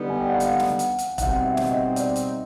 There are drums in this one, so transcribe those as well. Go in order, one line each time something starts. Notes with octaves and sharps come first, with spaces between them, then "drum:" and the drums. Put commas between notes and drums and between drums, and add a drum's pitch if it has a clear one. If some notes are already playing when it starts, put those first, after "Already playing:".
Already playing: D3 G3 B3 D#4
G#5
G5
F#5
F5, drum: hi-hat
drum: snare
drum: hi-hat
drum: hi-hat
B2 G3 C4 D#4 F#5, drum: kick E1, hi-hat
E5
drum: snare
D#5
D5, drum: hi-hat
drum: hi-hat